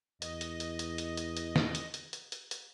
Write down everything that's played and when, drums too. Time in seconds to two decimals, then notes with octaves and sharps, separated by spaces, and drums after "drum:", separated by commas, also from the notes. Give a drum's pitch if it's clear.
0.22 E2 D#5, drum: hi-hat
0.41 drum: hi-hat
0.60 drum: hi-hat
0.79 drum: hi-hat
0.98 drum: hi-hat
1.17 drum: hi-hat
1.37 drum: hi-hat
1.56 drum: snare
1.75 drum: hi-hat
1.94 drum: hi-hat
2.13 drum: hi-hat
2.32 drum: hi-hat
2.51 drum: hi-hat